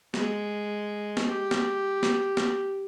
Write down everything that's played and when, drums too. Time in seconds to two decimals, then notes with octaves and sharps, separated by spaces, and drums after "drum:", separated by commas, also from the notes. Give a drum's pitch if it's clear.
0.14 G#3, drum: snare
1.17 drum: snare
1.29 G4
1.51 drum: snare
2.03 drum: snare
2.37 drum: snare